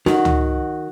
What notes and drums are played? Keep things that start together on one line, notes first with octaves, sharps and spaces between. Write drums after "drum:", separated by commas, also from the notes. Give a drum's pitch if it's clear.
D#3 F#4, drum: snare
drum: tom C#2